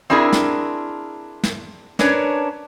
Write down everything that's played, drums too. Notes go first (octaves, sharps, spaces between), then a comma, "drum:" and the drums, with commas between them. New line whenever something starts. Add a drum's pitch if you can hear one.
C4 D4 E4 G#4 A#4
drum: snare
drum: snare
C#4 D4 A#4 B4 C#5, drum: snare